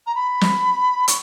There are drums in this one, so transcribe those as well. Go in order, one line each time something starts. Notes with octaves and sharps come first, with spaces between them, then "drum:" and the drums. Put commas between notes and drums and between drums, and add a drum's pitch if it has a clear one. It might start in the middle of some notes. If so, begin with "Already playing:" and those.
A#5
B5
drum: snare
C#6, drum: hi-hat